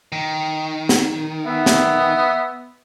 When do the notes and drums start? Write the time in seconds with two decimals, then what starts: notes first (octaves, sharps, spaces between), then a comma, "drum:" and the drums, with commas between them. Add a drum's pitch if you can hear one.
0.12 D#3
0.89 drum: snare
1.46 B3 E5
1.66 drum: snare